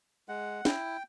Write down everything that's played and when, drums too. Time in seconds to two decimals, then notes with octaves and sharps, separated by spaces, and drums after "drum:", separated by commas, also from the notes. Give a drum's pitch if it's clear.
0.29 G#3 F#5
0.65 E4 G5, drum: snare